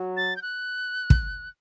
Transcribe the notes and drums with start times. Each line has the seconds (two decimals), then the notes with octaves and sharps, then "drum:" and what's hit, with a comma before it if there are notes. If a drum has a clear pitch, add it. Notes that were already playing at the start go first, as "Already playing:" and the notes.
Already playing: F#3
0.17 A6
0.36 G6
0.42 F#6
1.10 drum: kick